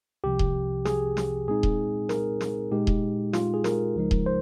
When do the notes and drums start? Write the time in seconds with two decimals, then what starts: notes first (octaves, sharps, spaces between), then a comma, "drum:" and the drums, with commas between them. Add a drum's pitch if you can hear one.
0.24 C2 C3 F3 G4
0.39 drum: kick D#1
0.85 G#4, drum: snare
1.17 drum: snare
1.48 A#2 G#3 C4 D#4 G#4
1.63 drum: kick D#1
2.09 A#4, drum: snare
2.41 drum: snare
2.71 A#2 G#3 D#4 G4
2.87 drum: kick D#1
3.33 F4, drum: snare
3.54 G#4
3.64 A#4, drum: snare
3.95 C#2 C#3 F3 G#3 D#4
4.11 drum: kick D#1
4.26 C5